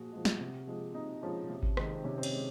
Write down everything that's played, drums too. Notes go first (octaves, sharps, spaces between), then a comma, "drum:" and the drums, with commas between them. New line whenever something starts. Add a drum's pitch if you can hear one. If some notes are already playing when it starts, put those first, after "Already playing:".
Already playing: A#2 F3 F#4 G#4
F3 G#3
drum: snare
C3
F3 G#3
C3 D#4
F3 G#3 C#4
C3
drum: kick G#1
D#3 G#3, drum: rim click
C4
C3 C#4
C4
C#4, drum: cymbal
G#3